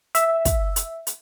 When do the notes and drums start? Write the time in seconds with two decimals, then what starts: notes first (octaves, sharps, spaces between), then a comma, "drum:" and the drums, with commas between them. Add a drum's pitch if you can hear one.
0.15 E5, drum: hi-hat
0.45 drum: kick, hi-hat
0.76 drum: hi-hat
1.07 drum: hi-hat